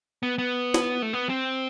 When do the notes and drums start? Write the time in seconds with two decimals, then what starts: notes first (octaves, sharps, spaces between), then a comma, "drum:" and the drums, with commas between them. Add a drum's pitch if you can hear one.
0.23 B3
0.38 B3
0.74 drum: snare
1.02 A3
1.13 B3
1.29 C4